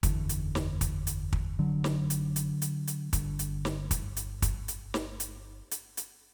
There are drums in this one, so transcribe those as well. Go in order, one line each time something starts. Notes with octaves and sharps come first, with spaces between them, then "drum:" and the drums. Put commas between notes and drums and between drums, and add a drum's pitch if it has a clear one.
F#1 E2 D3, drum: kick, hi-hat
drum: hi-hat
drum: snare
drum: kick, hi-hat
drum: hi-hat
drum: kick
D3 F#3
drum: snare
drum: hi-hat
drum: hi-hat
drum: hi-hat
drum: hi-hat
G1 G2 D3, drum: kick, hi-hat
drum: hi-hat
drum: snare
drum: kick, hi-hat
drum: hi-hat
drum: kick, hi-hat
drum: hi-hat
drum: snare
drum: hi-hat
drum: hi-hat
drum: hi-hat